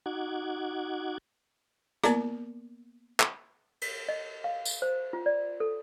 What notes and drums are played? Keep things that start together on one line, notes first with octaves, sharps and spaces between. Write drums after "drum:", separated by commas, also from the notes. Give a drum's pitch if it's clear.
D#4 F#4 F#5 D6 G#6
A#3 B3 A#4 D5 A#5, drum: rim click
drum: clap
drum: cymbal
D#5
F5
drum: tambourine
C5
F4
D5
A4